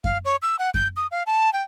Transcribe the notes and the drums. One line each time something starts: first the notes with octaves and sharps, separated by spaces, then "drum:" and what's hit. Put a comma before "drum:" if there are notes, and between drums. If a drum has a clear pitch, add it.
F5, drum: kick F#2
C#5
E6
F#5
G6, drum: kick F#2
D#6
F5
A5
G5